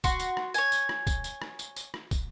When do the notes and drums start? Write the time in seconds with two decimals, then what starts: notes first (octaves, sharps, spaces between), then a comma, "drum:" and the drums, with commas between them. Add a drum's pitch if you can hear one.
0.04 F#4 C6, drum: kick, tambourine
0.19 drum: tambourine
0.37 drum: rim click
0.54 C#5 G#5, drum: tambourine
0.72 drum: tambourine
0.89 drum: rim click
1.07 drum: kick, tambourine
1.24 drum: tambourine
1.42 drum: rim click
1.59 drum: tambourine
1.76 drum: tambourine
1.94 drum: rim click
2.11 drum: kick, tambourine